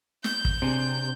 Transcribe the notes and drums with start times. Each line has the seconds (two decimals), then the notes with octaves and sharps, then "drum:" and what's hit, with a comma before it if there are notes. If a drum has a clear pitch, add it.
0.24 G6, drum: snare
0.45 drum: kick
0.62 C3 C4 D4 G#4